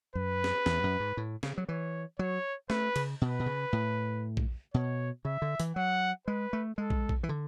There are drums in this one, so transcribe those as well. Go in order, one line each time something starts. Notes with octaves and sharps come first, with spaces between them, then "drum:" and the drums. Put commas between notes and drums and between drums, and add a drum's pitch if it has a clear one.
F#2 B4
drum: snare
E2, drum: snare
F#2
G#2
A2
C#3, drum: snare
F#3
E3 C#5
F#3 C#5
A3 B4, drum: snare
C#3, drum: cymbal
B2 B4
B2
C#3
A2
drum: kick
B2 C#5
C#3 E5
D3
E3, drum: hi-hat
F#3 F#5
G#3 B4
A3
G#3 A4
drum: kick
drum: kick
E3
D3